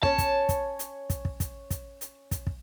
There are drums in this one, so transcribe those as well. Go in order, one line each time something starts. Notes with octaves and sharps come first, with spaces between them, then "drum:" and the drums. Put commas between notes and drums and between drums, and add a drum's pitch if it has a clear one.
C#4 C#5 A5, drum: kick
drum: kick, hi-hat
drum: kick, hi-hat
drum: hi-hat
drum: kick, hi-hat
drum: kick
drum: kick, hi-hat
drum: kick, hi-hat
drum: hi-hat
drum: kick, hi-hat
drum: kick